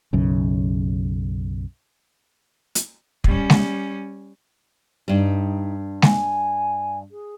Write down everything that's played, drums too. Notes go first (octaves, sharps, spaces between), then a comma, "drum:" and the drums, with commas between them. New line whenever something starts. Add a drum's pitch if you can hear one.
B1 F#2 C#3
drum: hi-hat
G3 C#4, drum: kick
drum: snare G#3
G2 G3 D#4
G#5, drum: snare G#3
G#4